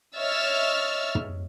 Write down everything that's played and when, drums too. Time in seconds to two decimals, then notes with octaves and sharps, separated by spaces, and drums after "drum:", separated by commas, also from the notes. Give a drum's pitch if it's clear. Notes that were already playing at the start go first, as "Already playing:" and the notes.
0.16 C#5 D#5 E5 E6 F6 A6
1.15 drum: tom